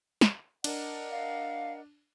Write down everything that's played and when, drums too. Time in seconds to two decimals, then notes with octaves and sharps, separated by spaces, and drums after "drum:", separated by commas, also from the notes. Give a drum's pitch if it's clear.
0.21 drum: snare
0.64 D4 A#4 D#5 F#5, drum: cymbal
1.11 F5